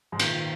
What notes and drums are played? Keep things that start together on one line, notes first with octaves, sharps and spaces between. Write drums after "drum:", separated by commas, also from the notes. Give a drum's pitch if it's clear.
G#2
A#2 D#3, drum: cymbal
D#3